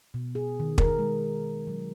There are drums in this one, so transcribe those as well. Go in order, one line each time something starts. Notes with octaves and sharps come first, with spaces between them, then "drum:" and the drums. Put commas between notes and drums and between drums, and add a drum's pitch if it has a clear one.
B2
G#4
D#3
A#4, drum: kick
G#3
F#3